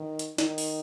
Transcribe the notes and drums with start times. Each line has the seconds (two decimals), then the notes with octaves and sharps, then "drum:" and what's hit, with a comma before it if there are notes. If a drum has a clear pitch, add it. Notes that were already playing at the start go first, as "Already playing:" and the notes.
Already playing: D#3
0.19 drum: hi-hat
0.38 D#3, drum: snare
0.58 drum: open hi-hat